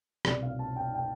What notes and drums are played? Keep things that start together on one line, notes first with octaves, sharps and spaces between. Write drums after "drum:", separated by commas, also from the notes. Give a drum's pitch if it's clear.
C2 B2 B3 D5, drum: rim click
F5
A5
G5
G5